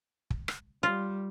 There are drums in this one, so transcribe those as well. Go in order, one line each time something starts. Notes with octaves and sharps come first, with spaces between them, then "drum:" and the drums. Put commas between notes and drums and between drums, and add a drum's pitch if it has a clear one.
drum: kick
drum: rim click
G3 F4